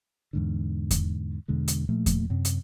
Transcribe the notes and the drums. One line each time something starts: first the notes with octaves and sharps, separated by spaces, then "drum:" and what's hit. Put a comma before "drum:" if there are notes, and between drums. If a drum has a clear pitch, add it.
E2 G#2 D3
drum: kick E2, hi-hat
E2 B2 D3 G#3
drum: hi-hat
A#2 F3 A3
drum: kick E2, hi-hat
F#2 C3 C4
drum: hi-hat